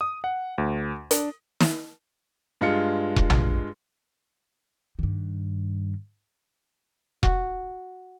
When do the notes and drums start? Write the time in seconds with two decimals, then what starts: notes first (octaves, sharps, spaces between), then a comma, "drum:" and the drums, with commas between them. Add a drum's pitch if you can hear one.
0.01 D#6
0.24 F#5
0.58 D2
1.11 D4, drum: hi-hat
1.61 drum: snare
2.61 G2 G#3 F4 C#7
3.16 drum: kick E1
3.30 drum: tom
4.99 G2 D#3
7.23 F#4, drum: kick E1